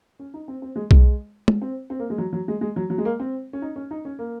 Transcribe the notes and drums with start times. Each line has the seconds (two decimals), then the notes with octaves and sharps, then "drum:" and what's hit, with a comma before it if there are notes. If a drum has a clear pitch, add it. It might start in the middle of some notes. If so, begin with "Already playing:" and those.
0.19 C#4
0.34 D#4
0.48 C4
0.62 C4
0.76 G#3
0.91 G#3, drum: kick B1
1.48 drum: tom
1.62 C4
1.90 C4
1.99 A#3
2.10 G#3
2.18 F#3
2.33 F#3
2.48 G#3
2.61 G#3
2.76 F#3
2.90 F#3
2.98 G#3
3.05 A#3
3.20 C4
3.53 C#4
3.62 D#4
3.76 C#4
3.91 D#4
4.05 C#4
4.19 A#3